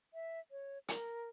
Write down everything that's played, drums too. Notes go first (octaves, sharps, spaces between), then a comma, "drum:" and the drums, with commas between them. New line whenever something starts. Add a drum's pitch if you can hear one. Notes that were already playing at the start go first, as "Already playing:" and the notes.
E5
C#5
A#4, drum: hi-hat